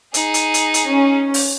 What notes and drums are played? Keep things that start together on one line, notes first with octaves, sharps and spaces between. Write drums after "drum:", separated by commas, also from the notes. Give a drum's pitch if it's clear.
D#4 G#4, drum: hi-hat
drum: hi-hat
drum: hi-hat
drum: hi-hat
C#4
drum: open hi-hat